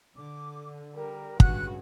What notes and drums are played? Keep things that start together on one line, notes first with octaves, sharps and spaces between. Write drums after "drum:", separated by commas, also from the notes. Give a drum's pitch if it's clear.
D3 D6
G3 A#4
G2 C#3 F#4 F#5 F#6, drum: kick